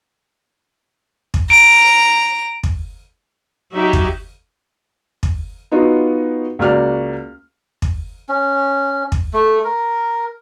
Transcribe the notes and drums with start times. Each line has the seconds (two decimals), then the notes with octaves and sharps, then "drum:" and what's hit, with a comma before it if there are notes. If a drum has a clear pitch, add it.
1.34 drum: kick
1.50 A#5 D7
2.63 drum: kick
3.72 F#3 D#4 F#4 G4 E5
3.93 drum: kick
5.23 drum: kick
5.72 B3 D#4 F4 F#4
6.59 C#2 A#3 F#4 D5 F6
7.82 drum: kick
8.29 C#4
9.12 drum: kick
9.33 A3
9.64 A#4